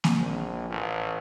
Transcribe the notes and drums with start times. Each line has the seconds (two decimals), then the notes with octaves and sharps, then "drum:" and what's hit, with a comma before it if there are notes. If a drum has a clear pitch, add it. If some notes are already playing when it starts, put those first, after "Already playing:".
0.04 drum: snare A#3
0.19 A#1
0.70 A1